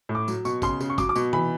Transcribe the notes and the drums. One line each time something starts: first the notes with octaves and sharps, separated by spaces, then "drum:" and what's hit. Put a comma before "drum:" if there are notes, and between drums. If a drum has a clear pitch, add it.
A2
D6
F#3, drum: tambourine
B2 C#6, drum: tambourine
C#3 C6, drum: kick, tambourine
C#3, drum: tambourine
C#6
F#3 D6, drum: kick, tambourine
D6
B2 C#6, drum: tambourine
E3 B5, drum: tom C3